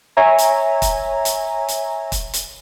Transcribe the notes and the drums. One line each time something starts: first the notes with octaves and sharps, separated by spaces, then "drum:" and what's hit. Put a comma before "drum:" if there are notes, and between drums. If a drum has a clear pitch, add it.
C#5 E5 G#5 A#5
drum: hi-hat
drum: kick, hi-hat
drum: hi-hat
drum: hi-hat
drum: kick, hi-hat
drum: hi-hat